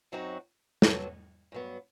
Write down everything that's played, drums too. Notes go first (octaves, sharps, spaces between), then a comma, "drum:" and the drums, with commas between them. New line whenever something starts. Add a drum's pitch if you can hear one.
F#2 F#3 C4 D#4 F#4
C3 F#3 B3 F#4 A4, drum: snare
G2 F#3 B3